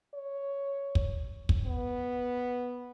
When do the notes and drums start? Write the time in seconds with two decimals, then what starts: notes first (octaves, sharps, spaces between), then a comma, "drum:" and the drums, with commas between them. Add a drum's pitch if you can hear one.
0.15 C#5
0.95 drum: kick
1.49 drum: kick
1.66 B3